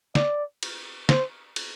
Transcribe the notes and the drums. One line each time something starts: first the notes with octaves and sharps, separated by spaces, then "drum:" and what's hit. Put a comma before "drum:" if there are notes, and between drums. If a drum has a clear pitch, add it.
D5, drum: snare
drum: cymbal
C5, drum: snare
drum: cymbal